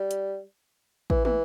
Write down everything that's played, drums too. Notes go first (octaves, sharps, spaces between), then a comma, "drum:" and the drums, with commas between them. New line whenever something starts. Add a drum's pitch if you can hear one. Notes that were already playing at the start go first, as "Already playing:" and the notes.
Already playing: G3
drum: hi-hat
E3, drum: kick A1
E3, drum: tom